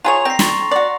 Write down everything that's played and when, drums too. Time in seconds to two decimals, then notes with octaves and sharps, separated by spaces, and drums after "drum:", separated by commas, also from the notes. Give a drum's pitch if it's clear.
0.04 F4 G#4 C#5 A#5 F7
0.25 C4 A#6 C7
0.39 C6 C#6 A6, drum: snare
0.71 F#4 D5